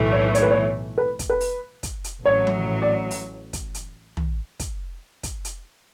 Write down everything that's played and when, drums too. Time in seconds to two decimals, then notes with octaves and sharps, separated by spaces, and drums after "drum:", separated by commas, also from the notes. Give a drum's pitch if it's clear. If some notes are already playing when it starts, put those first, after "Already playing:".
Already playing: B1 A2 E3 A3
0.13 C#5
0.35 C#5, drum: hi-hat
0.42 B4
0.51 C#5
0.98 B4
1.19 drum: kick, hi-hat
1.30 B4
1.40 drum: open hi-hat
1.83 drum: kick, hi-hat
2.04 drum: hi-hat
2.25 A1 A2 F#3 C#5
2.47 drum: tom F3
2.82 D5
3.11 drum: open hi-hat
3.53 drum: kick, hi-hat
3.74 drum: hi-hat
4.17 drum: tom
4.60 drum: kick, hi-hat
5.23 drum: kick, hi-hat
5.45 drum: hi-hat